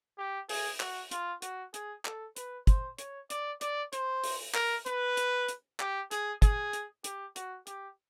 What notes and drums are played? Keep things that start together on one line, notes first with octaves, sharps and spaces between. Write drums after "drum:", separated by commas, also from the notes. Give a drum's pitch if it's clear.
G4
G#4, drum: open hi-hat
F#4, drum: clap
F4, drum: hi-hat
F#4, drum: hi-hat
G#4, drum: hi-hat
A4, drum: clap
B4, drum: hi-hat
C5, drum: kick, hi-hat
C#5, drum: hi-hat
D5, drum: hi-hat
D5, drum: hi-hat
C5, drum: hi-hat
drum: open hi-hat
A#4, drum: clap
B4, drum: hi-hat
drum: hi-hat
drum: hi-hat
G4, drum: clap
G#4, drum: hi-hat
G#4, drum: kick, hi-hat
drum: hi-hat
G4, drum: hi-hat
F#4, drum: hi-hat
G4, drum: hi-hat